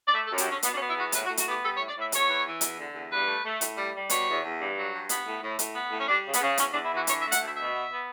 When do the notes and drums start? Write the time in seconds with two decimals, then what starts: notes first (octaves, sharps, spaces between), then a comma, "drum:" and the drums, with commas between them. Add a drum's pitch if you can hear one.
0.07 D5
0.13 A3 E5
0.26 A4
0.31 F#2
0.38 G4, drum: hi-hat
0.47 D3 C#4
0.63 B2 B3, drum: hi-hat
0.71 D4
0.75 C#4
0.79 B3
0.88 E4
0.96 E2 F#4
1.12 A2 B4, drum: hi-hat
1.25 F#4
1.29 A2
1.37 F#4, drum: hi-hat
1.45 B3 G4
1.62 G3 A4
1.75 C#5
1.78 A2
1.88 D5
1.95 A2 E5
2.12 E2 C#5, drum: hi-hat
2.29 E3
2.45 E3
2.61 E2, drum: hi-hat
2.78 D3
2.95 E2
3.11 G2 B4
3.27 A3
3.45 A3
3.61 A2, drum: hi-hat
3.77 G3
3.93 G3
4.10 B2 C#5, drum: hi-hat
4.27 E2
4.43 E2
4.59 G2
4.76 F#3
4.93 G2
5.09 B3, drum: hi-hat
5.25 A2
5.43 A2
5.59 A2, drum: hi-hat
5.75 B3
5.92 A2
5.98 C#4
6.08 G3 D4
6.24 C#3
6.33 B3, drum: hi-hat
6.41 C#3
6.58 E2 C#4, drum: hi-hat
6.70 D4
6.74 E2
6.83 E4
6.90 E3 F#4
7.07 D3 C#5, drum: hi-hat
7.20 E5
7.24 A3
7.32 F#5, drum: hi-hat
7.40 D2 E5
7.57 B2 E5
7.74 B3
7.91 B3